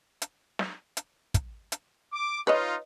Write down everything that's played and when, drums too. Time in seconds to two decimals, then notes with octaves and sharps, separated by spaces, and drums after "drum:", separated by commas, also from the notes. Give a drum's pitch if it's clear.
0.22 drum: hi-hat
0.59 drum: snare
0.97 drum: hi-hat
1.34 drum: kick, hi-hat
1.72 drum: hi-hat
2.13 D6
2.47 D#4 F4 B4 C#5 D#5